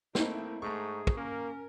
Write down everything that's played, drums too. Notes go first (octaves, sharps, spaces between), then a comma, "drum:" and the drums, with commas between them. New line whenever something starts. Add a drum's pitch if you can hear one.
A3 A#3 C4 D#4 E4, drum: snare
G#2 A3 G#4 A#5 C#6
drum: kick
A#3 C#4 A#4